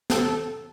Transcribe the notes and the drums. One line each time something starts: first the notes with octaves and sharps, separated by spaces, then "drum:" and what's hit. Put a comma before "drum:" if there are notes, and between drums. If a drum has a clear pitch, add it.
A4, drum: snare